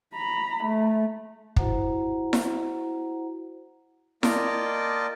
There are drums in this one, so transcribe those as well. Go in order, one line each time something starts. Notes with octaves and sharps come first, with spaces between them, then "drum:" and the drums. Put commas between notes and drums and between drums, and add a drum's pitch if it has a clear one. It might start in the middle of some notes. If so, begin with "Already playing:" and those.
A#5 B5
A3
E4 F#4 C5 F#5 A#5, drum: kick
drum: snare E4
A#3 F4 D5 D#5 G5 A5, drum: snare E4